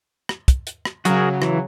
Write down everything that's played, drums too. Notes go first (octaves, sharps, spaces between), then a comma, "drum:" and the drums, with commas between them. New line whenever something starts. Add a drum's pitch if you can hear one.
drum: rim click
drum: kick, hi-hat
drum: hi-hat
drum: rim click
C#3 F#3 F#4 G#4 A#4, drum: hi-hat
E3, drum: rim click